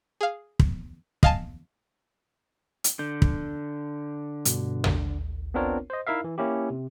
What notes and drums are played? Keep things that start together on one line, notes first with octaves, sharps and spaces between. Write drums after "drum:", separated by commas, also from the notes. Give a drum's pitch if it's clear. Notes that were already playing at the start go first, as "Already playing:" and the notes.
G#4 F5
drum: kick
D#5 F5 G#5 A5, drum: kick
drum: hi-hat
D3 G6
drum: kick
G2 B2, drum: hi-hat
drum: tom
B3 C4 D4 F4 A#4 C#5
C5 D#5
D#4 E4 A#4 E5 F5
E3
A#3 C#4 E4 G4
C3